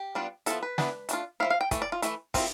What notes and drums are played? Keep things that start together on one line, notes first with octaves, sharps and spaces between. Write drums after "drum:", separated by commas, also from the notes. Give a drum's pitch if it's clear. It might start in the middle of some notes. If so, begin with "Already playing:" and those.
Already playing: G4
G3 B3 D4 F4
F3 B3 E4 A4, drum: hi-hat
B4
E3 B3 D4, drum: snare
A3 D4 F4, drum: hi-hat
F3 C4 E4 F5
F5
G5
E3 A3, drum: kick, hi-hat
D5
F4
E3 A3 E4, drum: hi-hat
F3 C4 E4, drum: kick, open hi-hat